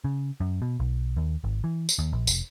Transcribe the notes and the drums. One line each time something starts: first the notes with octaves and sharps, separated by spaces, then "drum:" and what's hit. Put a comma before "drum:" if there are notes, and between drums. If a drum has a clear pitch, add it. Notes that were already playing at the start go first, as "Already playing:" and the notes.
C#3
F#2
B2
B1
D#2
G#1
E3
drum: tambourine
D#2
A#1
F1, drum: tambourine